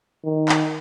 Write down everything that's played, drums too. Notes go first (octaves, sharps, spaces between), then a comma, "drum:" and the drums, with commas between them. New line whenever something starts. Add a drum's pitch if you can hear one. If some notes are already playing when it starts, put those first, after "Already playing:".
D#3
drum: clap